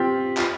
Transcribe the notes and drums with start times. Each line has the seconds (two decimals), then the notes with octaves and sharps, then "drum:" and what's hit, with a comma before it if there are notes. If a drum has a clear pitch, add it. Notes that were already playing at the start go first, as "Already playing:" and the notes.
Already playing: C4 F4 G4
0.37 F4, drum: clap